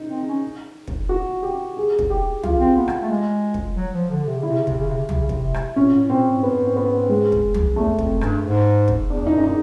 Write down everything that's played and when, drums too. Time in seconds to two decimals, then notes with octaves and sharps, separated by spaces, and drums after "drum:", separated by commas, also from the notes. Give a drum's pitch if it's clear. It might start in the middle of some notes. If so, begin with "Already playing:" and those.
Already playing: D#4
0.09 C4
0.27 C#4
0.88 drum: kick
1.09 F#4
1.43 G4
1.77 G#4
1.99 drum: kick
2.10 G4
2.43 F4, drum: tom
2.60 C4
2.76 B3
2.88 drum: rim click
3.01 A3
3.10 G#3
3.54 drum: kick
3.76 F#3
3.94 F3
4.09 D3
4.26 C3
4.37 C#3
4.43 C3 E4
4.57 C#3
4.67 C3, drum: kick
4.78 C#3
4.88 C3
4.98 C#3
5.09 C3, drum: tom
5.19 C#3
5.29 C3, drum: kick
5.54 drum: rim click
5.76 A#2 C#4
5.93 A2
6.09 A#2 C4
6.27 A2
6.37 G#2
6.43 B3
6.50 G2
6.61 G#2
6.77 B3
7.09 G#3
7.32 drum: kick
7.54 drum: tom
7.76 E2 A3
7.89 E2
7.99 F2, drum: kick
8.21 G2, drum: rim click
8.43 G#2
8.88 drum: kick
9.10 E2 D4
9.27 D#4
9.33 F#2
9.44 D#4